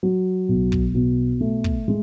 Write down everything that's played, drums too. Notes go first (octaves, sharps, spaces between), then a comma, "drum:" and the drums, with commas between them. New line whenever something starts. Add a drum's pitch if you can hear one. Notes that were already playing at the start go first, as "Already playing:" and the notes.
F#3
B1
drum: kick
B2
A3
drum: kick
G#3